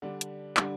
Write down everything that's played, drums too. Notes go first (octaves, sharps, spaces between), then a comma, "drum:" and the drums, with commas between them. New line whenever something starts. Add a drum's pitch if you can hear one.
D3 G3 D4
drum: hi-hat
D3 G3 D4, drum: clap